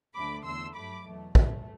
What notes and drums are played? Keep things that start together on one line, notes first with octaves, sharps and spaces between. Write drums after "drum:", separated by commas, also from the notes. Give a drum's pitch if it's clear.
D2 D3 A3 B5 D6
E2 D3 A3 C6 E6
G2 F#3 A3 B5 D6
E2 B2 F#3 A3
G2 E3 A3, drum: kick